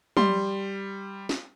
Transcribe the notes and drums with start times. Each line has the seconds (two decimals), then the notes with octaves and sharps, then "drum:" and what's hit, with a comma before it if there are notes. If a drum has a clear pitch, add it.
0.17 G3 C6, drum: tom
1.29 drum: snare